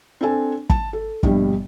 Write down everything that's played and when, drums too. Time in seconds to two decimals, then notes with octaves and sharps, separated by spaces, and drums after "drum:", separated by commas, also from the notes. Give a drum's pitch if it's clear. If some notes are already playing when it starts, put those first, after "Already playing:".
0.21 C4 D4 A4 G#5
0.70 A5, drum: kick
0.93 A4
1.23 A#1 G2 B2 G3, drum: kick